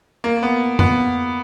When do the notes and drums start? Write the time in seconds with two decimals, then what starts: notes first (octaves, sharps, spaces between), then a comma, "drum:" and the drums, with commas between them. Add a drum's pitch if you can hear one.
0.24 A#3
0.43 B3
0.79 B3, drum: tom F2